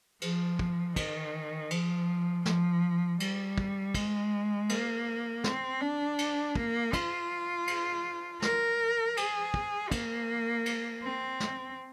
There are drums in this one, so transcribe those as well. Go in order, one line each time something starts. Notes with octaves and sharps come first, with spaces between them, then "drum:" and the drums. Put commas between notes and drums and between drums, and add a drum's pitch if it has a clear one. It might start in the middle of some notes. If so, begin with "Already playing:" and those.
F3, drum: cymbal
drum: kick
D#3, drum: kick, cymbal
F3, drum: cymbal
F3, drum: snare
G3, drum: cymbal
drum: kick
G#3, drum: kick, cymbal
A#3, drum: cymbal
C4, drum: snare
D4
drum: cymbal
A#3, drum: kick
F4, drum: kick, cymbal
drum: cymbal
A#4, drum: snare
G#4, drum: cymbal
drum: kick
A#3, drum: kick, cymbal
drum: cymbal
C4
drum: snare